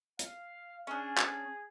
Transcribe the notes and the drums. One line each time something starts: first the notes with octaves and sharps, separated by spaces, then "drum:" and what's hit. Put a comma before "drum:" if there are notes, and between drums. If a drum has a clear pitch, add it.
F5, drum: hi-hat
C#4 D4 G#4
drum: clap